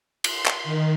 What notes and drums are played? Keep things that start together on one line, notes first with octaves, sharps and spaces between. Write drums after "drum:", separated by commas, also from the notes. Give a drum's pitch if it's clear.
C6, drum: cymbal
drum: clap
D#3